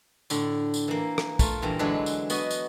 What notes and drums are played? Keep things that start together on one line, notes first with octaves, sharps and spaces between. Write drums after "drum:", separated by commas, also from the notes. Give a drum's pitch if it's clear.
A2 D3, drum: tambourine
drum: tambourine
E3 A#3
drum: rim click
A3 F4, drum: kick, tambourine
G2 A#2 E3 A#5
D3 E3 F#3 G#3 D4 B4
drum: tambourine
B3 F#4 D#5 G#5, drum: tambourine
drum: tambourine